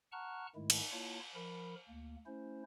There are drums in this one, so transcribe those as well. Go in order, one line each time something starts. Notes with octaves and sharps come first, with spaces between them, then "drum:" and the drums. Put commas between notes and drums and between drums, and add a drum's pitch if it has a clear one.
F#5 A5 A#5 C#6 F6 F#6
G#2 D#3 G#3 A3 E4
drum: cymbal
A#3 E4 F4 C#5 A5
F3 A#4 B5
D2 A#3
A3 C#4 E4 C5